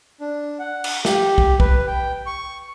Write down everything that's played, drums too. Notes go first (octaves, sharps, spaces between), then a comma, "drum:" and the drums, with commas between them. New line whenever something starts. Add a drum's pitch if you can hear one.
D4
F#5
drum: cymbal
G4, drum: snare
drum: kick
B4, drum: kick
G5
C#6